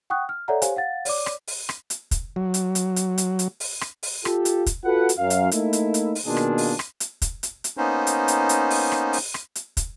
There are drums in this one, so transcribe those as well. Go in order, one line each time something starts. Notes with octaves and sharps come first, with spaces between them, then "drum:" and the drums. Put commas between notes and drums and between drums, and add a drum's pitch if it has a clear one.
F#5 G5 C#6 D#6 F#6
F6
A4 C#5 D5 E5 F#5 A#5
G4 C5 C#5 F5 G#5, drum: hi-hat
F5 F#5 A6
C#5 D5 D6, drum: open hi-hat
drum: rim click
drum: open hi-hat
drum: rim click
drum: hi-hat
drum: kick, hi-hat
F#3
drum: hi-hat
drum: hi-hat
drum: hi-hat
drum: hi-hat
drum: hi-hat
drum: open hi-hat
drum: rim click
drum: open hi-hat
F4 G4 A4, drum: rim click
drum: hi-hat
drum: kick, hi-hat
F4 F#4 A4 B4 F#5
drum: hi-hat
F#2 F5
drum: hi-hat
A3 A#3 D#4 E4, drum: hi-hat
drum: hi-hat
drum: hi-hat
drum: open hi-hat
B2 D#3 A#3 D4 F4 G#4
drum: rim click
drum: open hi-hat
drum: rim click
drum: hi-hat
drum: kick, hi-hat
drum: hi-hat
drum: hi-hat
A#3 B3 C#4 D#4 C5
drum: hi-hat
drum: hi-hat
drum: hi-hat
drum: open hi-hat
drum: rim click
drum: open hi-hat
drum: rim click
drum: hi-hat
drum: kick, hi-hat